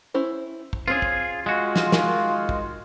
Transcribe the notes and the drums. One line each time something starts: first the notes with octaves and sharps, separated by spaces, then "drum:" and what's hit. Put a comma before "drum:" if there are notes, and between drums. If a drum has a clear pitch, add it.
C#4 E4 C5
drum: kick
C4 C#4 F4 G#4
drum: kick
G#3 F4 F#4
drum: snare
D#3 A#4 G#5, drum: snare
drum: kick